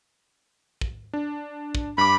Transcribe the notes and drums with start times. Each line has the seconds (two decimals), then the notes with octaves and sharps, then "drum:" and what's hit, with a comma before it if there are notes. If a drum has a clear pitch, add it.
0.81 drum: kick
1.13 D4
1.75 drum: kick
1.98 G2 B5 D6